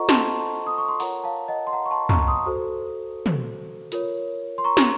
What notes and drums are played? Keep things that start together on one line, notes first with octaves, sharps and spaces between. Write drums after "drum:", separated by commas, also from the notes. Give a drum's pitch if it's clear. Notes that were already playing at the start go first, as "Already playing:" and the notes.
Already playing: F4 A4 C5 D#5 F#5 A#5 C#6
A5 C6, drum: snare
D#6
C#6
C6
F4 A#4 C#5 F#5 A#5, drum: open hi-hat
F5 A5
D#5 F#5
C6
F#5 A#5
C#6
A5 C6
A#5 C#6, drum: tom
C6 D#6
F#4 A4 C5
drum: tom
F4 A#4 C#5, drum: hi-hat
C6
A#5 C#6
drum: snare